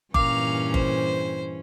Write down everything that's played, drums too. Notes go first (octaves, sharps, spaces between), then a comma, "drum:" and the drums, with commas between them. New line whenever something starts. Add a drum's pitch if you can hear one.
G2 A#2 E3 C#4 F5 A#5 D6, drum: kick F#1
C5, drum: kick F#1